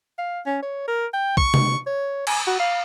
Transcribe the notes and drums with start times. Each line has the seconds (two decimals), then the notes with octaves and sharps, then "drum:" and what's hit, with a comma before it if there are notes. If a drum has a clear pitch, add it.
0.18 F5
0.46 C#4
0.62 C#5
0.88 A#4
1.13 G5
1.37 C#6, drum: kick
1.54 drum: tom
1.86 C#5
2.27 G#5, drum: cymbal
2.47 F#4
2.59 F5